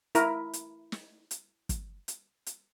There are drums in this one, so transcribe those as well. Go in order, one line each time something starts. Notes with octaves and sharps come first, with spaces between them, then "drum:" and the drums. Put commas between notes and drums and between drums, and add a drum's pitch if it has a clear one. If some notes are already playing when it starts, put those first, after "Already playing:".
E4 A#4, drum: hi-hat
drum: hi-hat
drum: snare
drum: hi-hat
drum: kick, hi-hat
drum: hi-hat
drum: hi-hat